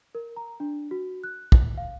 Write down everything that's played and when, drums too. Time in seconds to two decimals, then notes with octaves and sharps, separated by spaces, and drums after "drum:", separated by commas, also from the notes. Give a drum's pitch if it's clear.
0.15 A#4
0.36 A#5
0.60 D4
0.91 F#4
1.24 F#6
1.52 drum: kick
1.78 F5